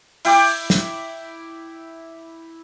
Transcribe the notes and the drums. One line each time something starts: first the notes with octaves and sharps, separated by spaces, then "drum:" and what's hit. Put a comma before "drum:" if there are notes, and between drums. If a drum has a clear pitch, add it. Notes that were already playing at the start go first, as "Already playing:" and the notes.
E4 G5 D6, drum: open hi-hat
drum: snare